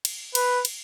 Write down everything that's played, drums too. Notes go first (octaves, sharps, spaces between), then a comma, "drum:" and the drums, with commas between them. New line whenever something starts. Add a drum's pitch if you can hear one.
drum: cymbal
B4, drum: cymbal
drum: cymbal